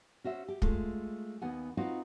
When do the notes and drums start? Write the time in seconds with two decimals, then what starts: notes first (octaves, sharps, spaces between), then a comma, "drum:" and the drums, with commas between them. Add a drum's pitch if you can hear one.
0.24 C#4 F#4 C5 E5
0.48 G4
0.62 G#3 A3 F4, drum: kick
1.42 D#2 B3 F#5 G#5
1.77 C4 D#4 F4 F#4 B4 C5